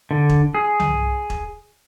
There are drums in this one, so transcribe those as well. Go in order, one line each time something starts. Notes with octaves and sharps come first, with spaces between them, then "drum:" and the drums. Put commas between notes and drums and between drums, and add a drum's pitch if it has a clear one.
D3
drum: kick E1
G#4
drum: tom C2
drum: kick E1